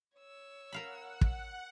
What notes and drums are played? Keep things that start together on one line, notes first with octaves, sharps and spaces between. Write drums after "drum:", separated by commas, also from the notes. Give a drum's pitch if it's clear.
C#5 E6
A#4 F5 F#5 B5
drum: kick